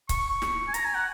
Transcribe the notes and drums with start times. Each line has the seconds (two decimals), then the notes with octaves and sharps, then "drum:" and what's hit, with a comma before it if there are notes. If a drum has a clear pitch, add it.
0.09 C#6, drum: kick C#1, hi-hat
0.42 drum: snare
0.68 G#5
0.74 A#5, drum: hi-hat
0.85 G#5
0.95 F#5